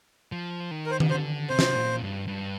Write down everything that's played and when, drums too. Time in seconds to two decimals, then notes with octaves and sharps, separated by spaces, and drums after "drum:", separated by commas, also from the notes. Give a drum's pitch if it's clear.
0.32 F3
0.71 D#3
0.86 A#4
0.91 C5
1.00 D#3, drum: tom D#3
1.10 D3 C5
1.49 C3 C5
1.59 drum: snare
1.75 A#2
2.01 G2
2.28 G2